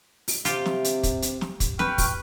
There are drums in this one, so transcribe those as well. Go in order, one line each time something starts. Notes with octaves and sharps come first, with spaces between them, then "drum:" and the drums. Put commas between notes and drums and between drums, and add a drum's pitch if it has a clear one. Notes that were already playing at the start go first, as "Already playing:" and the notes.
drum: open hi-hat
C3 F4 G4, drum: hi-hat
drum: snare
drum: hi-hat
drum: kick, hi-hat
drum: hi-hat
drum: snare
drum: kick, hi-hat
B4 G5 C#6 F6, drum: snare
drum: kick, open hi-hat